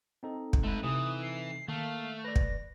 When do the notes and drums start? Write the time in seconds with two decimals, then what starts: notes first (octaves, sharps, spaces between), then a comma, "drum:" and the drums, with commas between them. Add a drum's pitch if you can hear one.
0.23 C4 D#4 A4
0.53 drum: kick
0.64 G#3 A3 B4
0.84 C3 E3 D#6
1.23 C7
1.68 D#3 A3 A#3 F5
2.24 B4 D5 A#6
2.36 drum: kick